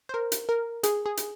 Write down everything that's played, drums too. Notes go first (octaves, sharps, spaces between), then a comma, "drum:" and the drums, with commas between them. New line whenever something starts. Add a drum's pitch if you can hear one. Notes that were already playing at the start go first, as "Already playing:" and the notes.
C5
A#4
drum: hi-hat
A#4
G#4, drum: hi-hat
G#4
drum: hi-hat